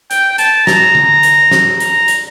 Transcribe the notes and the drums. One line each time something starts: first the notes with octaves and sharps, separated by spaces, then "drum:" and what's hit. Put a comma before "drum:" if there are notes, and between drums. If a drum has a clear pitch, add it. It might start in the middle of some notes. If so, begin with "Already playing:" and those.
G5, drum: hi-hat
A5, drum: hi-hat
A#5, drum: snare
drum: tom D3
drum: hi-hat
drum: snare
A#5, drum: hi-hat
drum: hi-hat